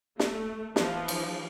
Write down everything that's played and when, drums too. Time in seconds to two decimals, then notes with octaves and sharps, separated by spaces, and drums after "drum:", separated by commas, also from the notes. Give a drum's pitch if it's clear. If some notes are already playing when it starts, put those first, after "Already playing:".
0.19 A3, drum: snare
0.76 E3 F3, drum: snare
1.08 drum: cymbal